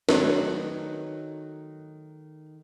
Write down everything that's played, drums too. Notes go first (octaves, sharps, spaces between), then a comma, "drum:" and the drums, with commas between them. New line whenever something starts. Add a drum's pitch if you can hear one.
D#3 F#3 A3 B4, drum: snare